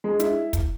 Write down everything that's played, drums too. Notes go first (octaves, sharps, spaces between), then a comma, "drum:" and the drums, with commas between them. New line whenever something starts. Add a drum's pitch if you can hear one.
G#3
E4, drum: hi-hat
drum: kick, hi-hat